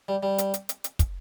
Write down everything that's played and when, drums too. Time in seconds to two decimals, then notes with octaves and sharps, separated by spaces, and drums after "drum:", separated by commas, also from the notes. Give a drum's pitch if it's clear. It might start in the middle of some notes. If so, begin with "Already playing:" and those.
0.08 G3
0.23 G3
0.38 drum: hi-hat
0.54 drum: hi-hat
0.69 drum: hi-hat
0.84 drum: hi-hat
0.99 drum: kick, hi-hat